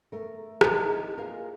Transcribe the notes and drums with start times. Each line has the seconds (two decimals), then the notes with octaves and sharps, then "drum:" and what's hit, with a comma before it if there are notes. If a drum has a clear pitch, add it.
0.12 A3 A#4
0.61 C4 D#4 E4, drum: rim click
1.18 A#3 F4 G#4 A#4 F5